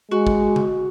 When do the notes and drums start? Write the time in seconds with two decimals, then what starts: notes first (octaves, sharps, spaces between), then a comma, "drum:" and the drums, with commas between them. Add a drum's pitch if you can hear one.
0.11 G#3 F#4
0.27 drum: kick
0.56 drum: tom C#3